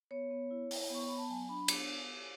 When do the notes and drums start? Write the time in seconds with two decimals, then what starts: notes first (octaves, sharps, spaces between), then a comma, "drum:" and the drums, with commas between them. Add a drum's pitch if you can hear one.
0.11 B3 C#5
0.31 B3
0.51 E4
0.71 E4, drum: open hi-hat
0.90 B3 C#6
1.07 B3 B5
1.18 A5
1.29 F#3 G#5
1.49 D4 B5
1.68 B3 D6, drum: cymbal